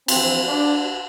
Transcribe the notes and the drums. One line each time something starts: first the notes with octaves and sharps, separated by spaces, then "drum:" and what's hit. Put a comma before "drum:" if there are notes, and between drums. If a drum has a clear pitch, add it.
E2 D3 F3 C4, drum: cymbal
D4